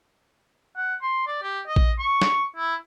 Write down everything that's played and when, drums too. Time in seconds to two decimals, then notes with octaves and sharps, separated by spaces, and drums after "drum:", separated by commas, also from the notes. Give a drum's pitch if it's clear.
0.77 F#5
1.02 C6
1.27 D5
1.43 G4
1.67 D#5
1.76 drum: kick A#1
1.99 C#6
2.22 drum: snare
2.56 E4